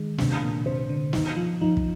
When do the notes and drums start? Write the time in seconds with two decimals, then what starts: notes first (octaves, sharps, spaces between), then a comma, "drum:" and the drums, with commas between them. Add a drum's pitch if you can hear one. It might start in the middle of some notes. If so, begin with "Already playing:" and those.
Already playing: D#3 G#3
0.18 C3 D4, drum: snare
0.42 A#2
0.66 C3 C5
0.89 D3
1.13 D#3 D#4, drum: snare
1.37 F3
1.61 F3 D#4
1.77 drum: kick